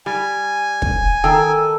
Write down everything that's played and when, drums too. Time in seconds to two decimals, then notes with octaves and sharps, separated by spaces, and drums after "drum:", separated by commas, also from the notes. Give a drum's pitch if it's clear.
0.06 G3 G#5
0.82 drum: kick
1.24 D#3 A4 G5 A#5